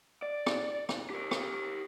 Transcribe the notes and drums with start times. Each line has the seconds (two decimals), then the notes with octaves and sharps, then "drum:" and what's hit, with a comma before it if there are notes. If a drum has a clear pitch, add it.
0.22 D5
0.46 drum: rim click
0.89 drum: rim click
1.10 G4 A#4
1.31 drum: rim click